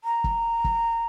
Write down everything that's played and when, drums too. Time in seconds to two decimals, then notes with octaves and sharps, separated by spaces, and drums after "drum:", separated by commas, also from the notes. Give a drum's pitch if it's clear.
0.04 A#5
0.24 drum: kick
0.64 drum: kick